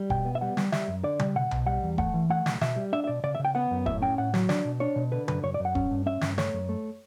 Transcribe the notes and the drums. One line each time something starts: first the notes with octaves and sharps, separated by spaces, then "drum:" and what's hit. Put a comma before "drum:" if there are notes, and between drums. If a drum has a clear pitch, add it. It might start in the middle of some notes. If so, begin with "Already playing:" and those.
Already playing: G3
B2 G5, drum: kick D#1
B3
E5
G3 F#5
G3, drum: snare
G3 E5, drum: snare
F#2
D3 D5
G3, drum: tom C#3
B2 F#5
B2, drum: tom B1
G3 F#5
E2
A3 F#5, drum: kick D#1
E3
A3 F#5
B1, drum: snare
B2 E5, drum: snare
G3
D4 E5
E5
B2 D5
C#3 D5
E5
C#3
G5
B3 F#5
F#2
A2 E5, drum: kick D#1
C#4 G5
A2 F#5
F#3, drum: snare
D4 D5, drum: snare
B2
D4 C#5
B2
D3 B4
F#2 B4, drum: tom C#3
F#2 C#5
D5
F#2
F#5
C#4, drum: kick D#1
G2
C#4 E5
G2, drum: snare
A3 C#5, drum: snare
F#2
A3